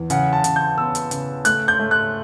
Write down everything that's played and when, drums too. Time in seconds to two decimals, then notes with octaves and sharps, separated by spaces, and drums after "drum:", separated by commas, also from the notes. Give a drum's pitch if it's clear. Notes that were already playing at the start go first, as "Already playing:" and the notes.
Already playing: E2
0.10 C#3 F#5, drum: hi-hat
0.33 A5
0.44 C#3, drum: hi-hat
0.56 G6
0.77 B3 E6
0.95 drum: hi-hat
1.11 C#3, drum: hi-hat
1.45 A3 F#6, drum: hi-hat
1.68 G6
1.80 A3
1.91 F#6